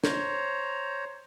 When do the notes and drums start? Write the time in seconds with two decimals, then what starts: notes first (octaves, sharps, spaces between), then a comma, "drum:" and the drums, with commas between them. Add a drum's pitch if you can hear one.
0.04 C5 C#5 A#5, drum: snare